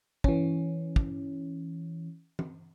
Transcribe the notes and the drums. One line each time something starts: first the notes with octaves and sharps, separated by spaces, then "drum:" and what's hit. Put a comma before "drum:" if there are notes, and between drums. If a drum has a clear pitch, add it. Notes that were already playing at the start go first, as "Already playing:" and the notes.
E3 C#4, drum: kick
drum: kick
drum: tom E3